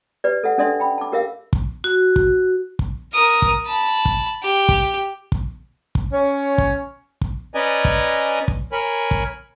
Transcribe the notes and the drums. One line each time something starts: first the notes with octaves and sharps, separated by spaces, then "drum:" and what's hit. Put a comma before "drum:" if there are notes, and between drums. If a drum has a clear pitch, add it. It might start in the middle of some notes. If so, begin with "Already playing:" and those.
G4 B4 D5
A4 E5 F#5
C#4 D4 A4 D5 E5 C6
G5 B5
A5 D6
G4 A#4 E5 F5
drum: kick
F#4
drum: kick
drum: kick
A#4 D#6
drum: kick
A5 B5
drum: kick
G4
drum: kick
drum: kick
drum: kick
C#4 C#5
drum: kick
drum: kick
C#4 B4 D5 D#5 G#5 A#5
drum: kick
drum: kick
A#4 C#5 G#5 B5
drum: kick